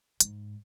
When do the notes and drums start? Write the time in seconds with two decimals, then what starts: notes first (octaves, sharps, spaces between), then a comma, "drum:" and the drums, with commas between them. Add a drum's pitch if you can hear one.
0.20 G#2, drum: hi-hat